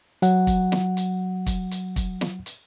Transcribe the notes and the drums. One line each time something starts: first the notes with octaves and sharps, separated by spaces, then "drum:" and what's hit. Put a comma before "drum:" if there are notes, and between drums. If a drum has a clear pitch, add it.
F#3 F#5, drum: hi-hat
drum: kick, hi-hat
drum: snare
drum: hi-hat
drum: kick, hi-hat
drum: hi-hat
drum: kick, hi-hat
drum: snare
drum: hi-hat